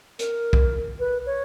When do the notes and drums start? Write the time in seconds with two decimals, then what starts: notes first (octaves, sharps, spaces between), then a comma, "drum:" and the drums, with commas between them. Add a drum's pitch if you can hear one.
0.19 A#4, drum: hi-hat
0.53 drum: kick
1.00 B4
1.26 C#5